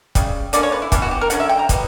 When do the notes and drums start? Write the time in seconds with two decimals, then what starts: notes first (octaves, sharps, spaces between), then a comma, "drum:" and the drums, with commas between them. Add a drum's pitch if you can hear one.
0.15 C#3 G3, drum: kick, hi-hat
0.53 D3 A#3 C#4 D5, drum: hi-hat
0.63 C#5
0.72 B4
0.82 E4
0.92 E3 G3 B3 D4, drum: kick, hi-hat
1.02 F#4
1.11 G4
1.21 A#4
1.30 D3 F#3 C#4 F#5, drum: hi-hat
1.40 E5
1.49 G5
1.59 A#5
1.69 B2 G3 B3, drum: kick, hi-hat